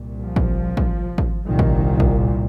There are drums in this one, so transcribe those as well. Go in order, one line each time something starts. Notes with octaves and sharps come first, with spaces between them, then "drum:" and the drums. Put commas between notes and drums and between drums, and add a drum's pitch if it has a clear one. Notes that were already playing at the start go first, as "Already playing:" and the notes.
Already playing: C2 A#2
F3
drum: kick
drum: kick
drum: kick
C2 A#2 D#3
drum: kick
drum: kick